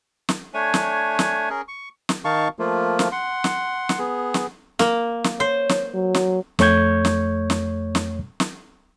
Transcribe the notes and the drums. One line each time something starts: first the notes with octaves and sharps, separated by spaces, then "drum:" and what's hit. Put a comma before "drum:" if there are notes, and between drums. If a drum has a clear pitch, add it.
drum: snare
A3 D4 C#5 G#5
drum: snare
drum: snare
C#4 G#4 A#4
C#6
drum: snare
D#3 D#4 F5 A5 C#6
F3 A3 A#3 F4
drum: snare
F#5 C6
drum: snare
drum: snare
B3 G#4
drum: snare
A#3, drum: snare
drum: snare
C5 C#5
drum: snare
F#3
drum: snare
F2 A3 C#5 C#6 G6 G#6, drum: snare
drum: snare
drum: snare
drum: snare
drum: snare